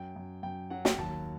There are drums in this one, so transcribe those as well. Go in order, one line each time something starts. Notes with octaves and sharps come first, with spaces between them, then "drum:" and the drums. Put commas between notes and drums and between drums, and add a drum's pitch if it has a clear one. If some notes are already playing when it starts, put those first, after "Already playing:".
Already playing: F#2 G5
F#2
F#2 G5
F#3 F#5
G5, drum: snare
D#2 A5